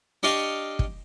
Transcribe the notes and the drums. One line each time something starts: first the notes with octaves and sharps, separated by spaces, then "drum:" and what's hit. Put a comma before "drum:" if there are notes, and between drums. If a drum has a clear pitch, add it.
D4 G4 D#5 F5 C#6
drum: kick